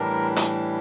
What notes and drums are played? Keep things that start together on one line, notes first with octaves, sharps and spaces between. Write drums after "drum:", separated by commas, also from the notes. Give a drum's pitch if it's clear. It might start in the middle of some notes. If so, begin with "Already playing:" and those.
Already playing: A2 E3 G3 D4 A#4
drum: hi-hat